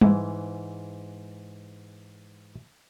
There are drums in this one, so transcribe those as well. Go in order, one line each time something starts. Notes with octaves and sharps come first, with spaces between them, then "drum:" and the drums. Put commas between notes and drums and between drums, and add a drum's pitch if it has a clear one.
G#2 E3, drum: tom G3